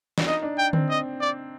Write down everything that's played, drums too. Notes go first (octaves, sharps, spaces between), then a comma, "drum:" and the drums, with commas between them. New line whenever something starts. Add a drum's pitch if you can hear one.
D4, drum: snare
D#4 D#5
D4
G5
C4, drum: tom D3
D#5
D5